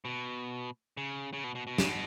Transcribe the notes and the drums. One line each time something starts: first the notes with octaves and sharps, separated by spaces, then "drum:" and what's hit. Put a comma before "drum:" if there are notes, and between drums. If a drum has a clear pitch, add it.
B2
C#3
C#3
B2
B2
B2
C#3, drum: snare
B2